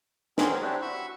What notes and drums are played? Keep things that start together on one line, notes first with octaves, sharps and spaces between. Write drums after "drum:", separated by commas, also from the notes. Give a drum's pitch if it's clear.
C4 C#4 F#4 G#4 A#4, drum: snare
C4 D4 E4 G4 B4 C#5
F#4 B5 C#6 E6